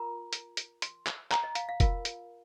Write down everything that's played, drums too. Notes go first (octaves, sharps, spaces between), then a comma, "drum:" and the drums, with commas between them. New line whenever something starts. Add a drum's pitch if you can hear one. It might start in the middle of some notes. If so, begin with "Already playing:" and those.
Already playing: F4 A#4 A#5
drum: hi-hat
drum: hi-hat
C6, drum: hi-hat
drum: clap
A#5, drum: clap
D#5
F5, drum: hi-hat
F5
F4 A#4 F5, drum: kick F1, hi-hat
drum: hi-hat